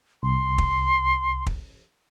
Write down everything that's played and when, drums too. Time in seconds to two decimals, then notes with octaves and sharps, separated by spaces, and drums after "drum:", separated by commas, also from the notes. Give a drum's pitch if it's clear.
0.23 C2 C6
0.58 drum: kick
1.46 drum: kick